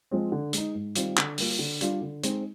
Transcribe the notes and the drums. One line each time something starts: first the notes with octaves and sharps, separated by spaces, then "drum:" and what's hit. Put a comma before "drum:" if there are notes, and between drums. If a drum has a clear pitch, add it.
F3 G#3 C4
D3
G#3 D#4, drum: hi-hat
G#2
D#3 G3 C4 F4, drum: hi-hat
D3, drum: clap
G3 A#3 F4, drum: open hi-hat
D3
G3 D4 F4, drum: hi-hat
D3
G#3 C4 D#4, drum: hi-hat